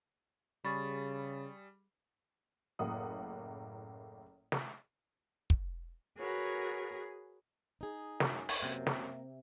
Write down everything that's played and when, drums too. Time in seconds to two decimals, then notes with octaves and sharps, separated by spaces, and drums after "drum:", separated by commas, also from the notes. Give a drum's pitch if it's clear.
0.64 C#3 G3 G#4 B5 C#6 A6
2.79 F#1 A2 A#3 E4 F#5 D#6
4.52 drum: snare
5.50 drum: kick
6.17 F#4 G#4 A#4 B4 C#5
7.81 D#4 G#4
8.20 F#2, drum: snare
8.49 drum: open hi-hat
8.62 F#2 C3 A#3
8.87 drum: snare